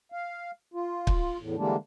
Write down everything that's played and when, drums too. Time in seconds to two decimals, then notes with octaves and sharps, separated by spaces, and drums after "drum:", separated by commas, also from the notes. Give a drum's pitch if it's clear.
0.12 F5
0.74 F4
1.07 drum: kick
1.40 E2 A2
1.57 D3 E3 G3 G#3 A#3 D4